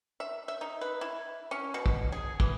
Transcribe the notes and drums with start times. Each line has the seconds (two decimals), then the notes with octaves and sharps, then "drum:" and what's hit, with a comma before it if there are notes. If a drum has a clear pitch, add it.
0.20 E5
0.48 E5
0.61 D#4
0.81 B4
1.01 E4
1.51 C#4
1.74 B2
1.86 drum: kick
2.12 G#4
2.40 E3, drum: kick